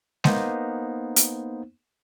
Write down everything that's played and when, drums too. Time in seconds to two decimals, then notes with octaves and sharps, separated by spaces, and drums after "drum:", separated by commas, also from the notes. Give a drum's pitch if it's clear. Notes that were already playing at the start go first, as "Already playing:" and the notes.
0.24 A#3 B3 D#4 C5, drum: snare G#3
1.16 drum: hi-hat